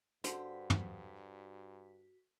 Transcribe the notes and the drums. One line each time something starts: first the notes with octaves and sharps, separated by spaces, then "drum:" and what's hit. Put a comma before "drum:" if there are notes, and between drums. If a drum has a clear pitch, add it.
G2 D3 F#4 C5 B6, drum: hi-hat
drum: tom